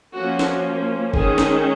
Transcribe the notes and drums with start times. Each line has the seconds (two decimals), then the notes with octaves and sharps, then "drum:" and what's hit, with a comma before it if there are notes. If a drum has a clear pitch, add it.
0.15 F3 A#3 C#4 F#4
0.39 drum: snare
1.14 D#3 G#3 C#4 G#4, drum: kick F#1
1.38 drum: snare